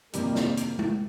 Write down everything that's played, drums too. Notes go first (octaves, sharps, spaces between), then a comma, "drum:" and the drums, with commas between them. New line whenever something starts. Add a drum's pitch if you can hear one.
F2 C3 D#3 G3 A#3 C4, drum: hi-hat
drum: snare
drum: hi-hat
drum: tom G#3